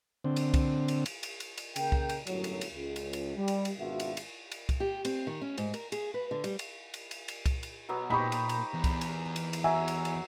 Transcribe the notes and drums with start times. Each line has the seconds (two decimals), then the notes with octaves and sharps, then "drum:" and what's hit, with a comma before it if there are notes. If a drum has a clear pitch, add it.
0.25 D3 C4
0.36 drum: cymbal
0.54 drum: kick C2, cymbal
0.88 drum: cymbal
1.06 drum: cymbal
1.23 drum: cymbal
1.40 drum: cymbal
1.58 drum: cymbal
1.76 C#3 A#3 A#4 G5, drum: cymbal
1.92 drum: kick C2
2.09 drum: cymbal
2.27 G1 F#2 A2 F#3, drum: cymbal
2.44 drum: cymbal
2.61 drum: cymbal
2.73 C#2
2.96 drum: cymbal
3.13 drum: cymbal
3.36 G3
3.48 drum: cymbal
3.65 drum: cymbal
3.79 G#1 B2 D4 F4 F#4 E5
4.00 drum: cymbal
4.17 drum: cymbal
4.52 drum: cymbal
4.69 drum: kick C2, cymbal
4.80 G4
5.05 C4, drum: cymbal
5.27 D#3
5.41 C#4
5.58 G#2, drum: cymbal
5.74 A#4, drum: cymbal
5.92 G#4, drum: cymbal
6.14 B4
6.31 D3
6.44 G3, drum: cymbal
6.59 drum: cymbal
6.94 drum: cymbal
7.11 drum: cymbal
7.28 drum: cymbal
7.46 drum: kick C2, cymbal
7.63 drum: cymbal
7.89 B2 F#3 B3
8.10 A#2 D#4 G4 C5 B5 C#6
8.32 drum: cymbal
8.49 drum: cymbal
8.74 E2
8.84 drum: kick C2, cymbal
9.01 drum: cymbal
9.36 drum: cymbal
9.53 drum: cymbal
9.64 F#3 E5 G#5
9.88 drum: cymbal
10.05 drum: cymbal